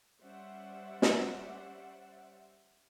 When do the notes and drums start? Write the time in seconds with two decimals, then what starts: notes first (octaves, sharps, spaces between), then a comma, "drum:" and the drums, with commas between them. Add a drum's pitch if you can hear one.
0.22 G3 C#4 C5 D5 E5 F#5
1.02 drum: snare